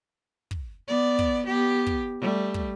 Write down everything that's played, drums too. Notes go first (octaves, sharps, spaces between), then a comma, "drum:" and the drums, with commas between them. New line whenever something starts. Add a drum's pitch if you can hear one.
drum: kick
B3 D5
drum: kick
B3 G4
drum: kick
G3 A3
drum: kick